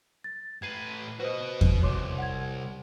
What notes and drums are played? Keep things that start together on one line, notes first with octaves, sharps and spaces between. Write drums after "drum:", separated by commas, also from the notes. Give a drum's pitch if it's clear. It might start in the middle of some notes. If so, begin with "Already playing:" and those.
A6
A2 B4 G#6 C7 D#7
F#4 B4 C5 D#5
drum: kick E2
C2 C#5 C6 D6
F#5 G#6